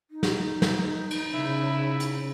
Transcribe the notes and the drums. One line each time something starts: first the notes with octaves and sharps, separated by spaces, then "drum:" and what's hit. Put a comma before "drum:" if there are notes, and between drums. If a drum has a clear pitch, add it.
D#4
drum: snare
drum: snare
drum: cymbal
C#3 E4
drum: hi-hat